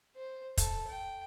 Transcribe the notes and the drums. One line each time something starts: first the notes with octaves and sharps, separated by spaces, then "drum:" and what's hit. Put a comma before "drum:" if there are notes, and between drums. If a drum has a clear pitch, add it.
C5
A4, drum: kick, hi-hat
G5